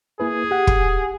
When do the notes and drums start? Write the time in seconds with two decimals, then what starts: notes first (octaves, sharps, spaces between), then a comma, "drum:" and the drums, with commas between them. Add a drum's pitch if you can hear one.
0.20 A#3 E4 G#4 B4
0.51 G4 F#5
0.67 drum: kick